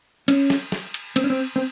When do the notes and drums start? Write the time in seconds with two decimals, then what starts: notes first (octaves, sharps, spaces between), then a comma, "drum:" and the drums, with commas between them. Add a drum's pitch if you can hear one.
0.28 C#4, drum: cymbal
0.50 drum: snare
0.72 drum: snare
0.94 drum: cymbal
1.16 C4, drum: cymbal
1.24 C#4
1.30 C4
1.56 C4